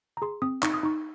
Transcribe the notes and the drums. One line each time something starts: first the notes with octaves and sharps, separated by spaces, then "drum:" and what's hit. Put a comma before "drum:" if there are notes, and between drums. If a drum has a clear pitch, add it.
A#5
G#4 C6
C4 D#6
D#4 C#6, drum: clap
D#6
D#4 C#6